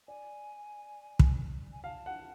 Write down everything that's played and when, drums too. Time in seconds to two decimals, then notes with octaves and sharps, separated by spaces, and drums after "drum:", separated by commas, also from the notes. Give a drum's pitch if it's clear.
0.08 D5 G#5
1.19 drum: kick
1.73 G#5
1.84 F5 A5
2.06 F#5